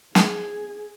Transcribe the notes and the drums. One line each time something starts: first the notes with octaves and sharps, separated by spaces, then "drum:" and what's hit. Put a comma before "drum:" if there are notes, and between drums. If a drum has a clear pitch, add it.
G#4, drum: snare